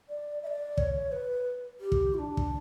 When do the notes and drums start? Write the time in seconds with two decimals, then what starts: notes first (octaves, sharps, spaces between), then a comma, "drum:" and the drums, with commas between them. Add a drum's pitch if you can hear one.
0.09 D5
0.43 E5
0.47 D5
0.78 C#5, drum: kick
1.12 B4
1.80 G4
1.92 drum: kick
2.14 E4
2.19 D4
2.37 drum: kick